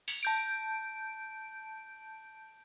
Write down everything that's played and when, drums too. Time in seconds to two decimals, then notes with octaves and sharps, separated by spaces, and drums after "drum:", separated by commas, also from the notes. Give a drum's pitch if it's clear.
0.08 drum: open hi-hat
0.23 A5 G6 D7